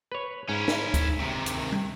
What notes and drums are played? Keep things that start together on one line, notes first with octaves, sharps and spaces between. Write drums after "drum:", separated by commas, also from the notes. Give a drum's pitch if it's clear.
B4 C#5
G#2 C#4 E4
drum: snare
drum: kick, hi-hat
C3 D#3
drum: hi-hat
drum: tom G3